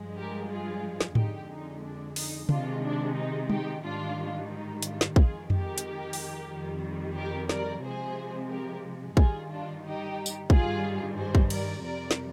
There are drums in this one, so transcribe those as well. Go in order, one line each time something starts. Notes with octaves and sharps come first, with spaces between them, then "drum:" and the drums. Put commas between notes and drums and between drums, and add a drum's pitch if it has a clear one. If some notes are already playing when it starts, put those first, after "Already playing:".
Already playing: G2 F3 G#3
G4 A#4
F4 G#4
drum: snare
F2 D3 G#3 D#4 G4, drum: tom G#2
D#4
D4
D#4, drum: open hi-hat
C3 D#3 G#3 D4 F4, drum: tom
D4
D#4
D#4 G4, drum: tom
G#2 D#3 G3 D4 F4
D#4
D4 F4, drum: hi-hat
drum: snare
F2 D#3 G#3 F4 G#4, drum: kick
G4 A#4, drum: tom F2
drum: hi-hat
drum: open hi-hat
F2 D#3 G3
G4 A#4
A#4 D5, drum: snare
C3 F3 G#3 G#4 C5
G4 A#4
G2 D#3 G3 F4 G#4, drum: kick
D4 F4
D#4 G4
drum: tambourine
G2 D#3 G3 F4 G#4, drum: kick
G#4 C5
drum: kick
A#4 D5, drum: cymbal
F2 C3 G3 A#4 D5
drum: snare